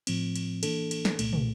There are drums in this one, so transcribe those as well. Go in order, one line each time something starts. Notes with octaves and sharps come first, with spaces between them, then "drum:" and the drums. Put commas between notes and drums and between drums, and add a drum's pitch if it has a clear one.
A2 F3 C4, drum: cymbal
drum: cymbal
E3 A#3 D4 A4, drum: cymbal
drum: cymbal
drum: snare
C2 A#2 A3, drum: cymbal
drum: tom